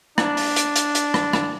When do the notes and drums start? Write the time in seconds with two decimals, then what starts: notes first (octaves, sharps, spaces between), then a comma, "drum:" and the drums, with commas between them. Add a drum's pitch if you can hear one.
0.18 D4, drum: rim click
0.37 drum: open hi-hat
0.56 drum: hi-hat
0.76 drum: hi-hat
0.95 drum: hi-hat
1.14 drum: rim click
1.33 drum: rim click